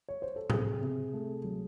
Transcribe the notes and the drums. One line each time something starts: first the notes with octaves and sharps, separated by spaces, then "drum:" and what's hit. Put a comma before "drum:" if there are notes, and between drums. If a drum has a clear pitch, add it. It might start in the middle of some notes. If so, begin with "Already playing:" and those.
C#5
C5
A4
C3 G#4, drum: tom A2
C3
A3
F#3